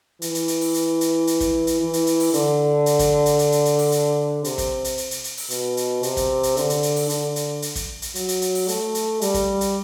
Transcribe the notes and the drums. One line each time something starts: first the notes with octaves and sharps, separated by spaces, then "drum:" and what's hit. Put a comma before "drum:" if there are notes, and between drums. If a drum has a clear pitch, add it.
E3, drum: hi-hat
drum: hi-hat
drum: hi-hat
drum: open hi-hat
drum: hi-hat
drum: hi-hat
drum: hi-hat
drum: kick, hi-hat
drum: hi-hat
E3
drum: hi-hat
drum: hi-hat
drum: open hi-hat
D3, drum: hi-hat
drum: hi-hat
drum: kick, hi-hat
drum: hi-hat
drum: hi-hat
drum: hi-hat
drum: hi-hat
drum: open hi-hat
drum: hi-hat
C3, drum: hi-hat
drum: kick, hi-hat
drum: hi-hat
drum: hi-hat
drum: hi-hat
drum: hi-hat
drum: open hi-hat
B2, drum: hi-hat
drum: hi-hat
C3, drum: hi-hat
drum: kick, hi-hat
drum: hi-hat
D3, drum: hi-hat
drum: hi-hat
drum: hi-hat
drum: open hi-hat
D3, drum: hi-hat
drum: hi-hat
drum: hi-hat
drum: kick, hi-hat
drum: hi-hat
F#3, drum: hi-hat
drum: hi-hat
drum: hi-hat
drum: open hi-hat
A3, drum: hi-hat
drum: hi-hat
G3, drum: hi-hat
drum: kick, hi-hat
drum: hi-hat